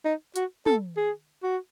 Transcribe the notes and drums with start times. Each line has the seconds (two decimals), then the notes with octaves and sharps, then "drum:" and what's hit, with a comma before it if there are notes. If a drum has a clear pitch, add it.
0.05 D#4
0.36 F#4, drum: hi-hat
0.66 A4, drum: tom
0.97 G#4
1.43 F#4